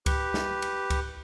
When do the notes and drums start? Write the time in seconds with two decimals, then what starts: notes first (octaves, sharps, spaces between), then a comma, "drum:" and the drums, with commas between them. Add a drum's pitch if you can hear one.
0.06 G4 B4, drum: kick C#2, cymbal
0.34 drum: snare
0.62 drum: cymbal
0.90 drum: kick C#2, cymbal